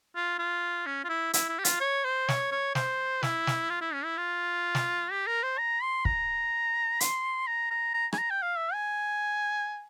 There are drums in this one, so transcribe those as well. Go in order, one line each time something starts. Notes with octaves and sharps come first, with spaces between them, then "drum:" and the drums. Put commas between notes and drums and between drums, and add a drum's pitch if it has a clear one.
F4
F4
C#4
F4
E4
E4, drum: hi-hat
E4
G4
F4, drum: hi-hat
C#5
C5
C#5, drum: snare
C#5
C5, drum: snare
E4, drum: snare
drum: snare
F4
E4
C#4
E4
F4
drum: snare
G4
A#4
C5
A#5
C6
A#5, drum: kick
C6, drum: hi-hat
A#5
A#5
A#5
G#5, drum: rim click
A#5
G5
F5
E5
G#5